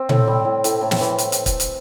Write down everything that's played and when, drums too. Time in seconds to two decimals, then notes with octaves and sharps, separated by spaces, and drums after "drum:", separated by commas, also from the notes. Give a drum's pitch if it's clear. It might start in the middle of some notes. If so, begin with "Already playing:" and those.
Already playing: C4
0.09 A2, drum: tom A#2
0.27 G3
0.45 A2
0.64 A2, drum: hi-hat
0.81 A2
0.91 drum: snare
1.01 E3
1.18 drum: hi-hat
1.32 drum: hi-hat
1.46 drum: kick, hi-hat
1.60 drum: hi-hat